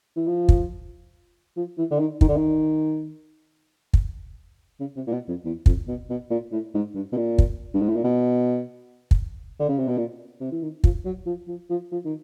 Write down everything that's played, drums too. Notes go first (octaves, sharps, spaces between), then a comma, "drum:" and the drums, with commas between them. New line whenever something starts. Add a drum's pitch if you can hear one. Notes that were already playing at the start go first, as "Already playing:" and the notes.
E3
F3
drum: kick
F3
E3
D3
D#3
D#3, drum: kick
D3
D#3
drum: kick
C#3
C3
A#2
B2
F2
E2
F2, drum: kick
B2
B2
A#2
A2
G#2
G2
B2
A#2
drum: kick
G2
G#2
A2
A#2
B2
drum: kick
D3
C#3
C3
B2
A#2
C3
E3
D#3
F3, drum: kick
F#3
F3
F3
F3
F3
D#3